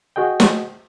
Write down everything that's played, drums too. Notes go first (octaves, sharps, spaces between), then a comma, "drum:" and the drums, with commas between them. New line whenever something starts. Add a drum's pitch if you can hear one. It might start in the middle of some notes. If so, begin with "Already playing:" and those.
F#4 G#4 D#5 G5
drum: snare